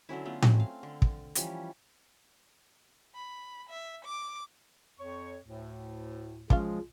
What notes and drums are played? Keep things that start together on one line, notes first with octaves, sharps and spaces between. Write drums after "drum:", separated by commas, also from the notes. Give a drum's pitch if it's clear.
D3 F#3 C#4 E4
A3 B3 F4
F#3 C4 C#4, drum: tom A2
F5
D3
drum: kick
E3 F3 G3 C#4, drum: hi-hat
B5
E5
D6
F2 C#5 C#6
D2 A2
F3 G#3 C#4 F4 F5, drum: kick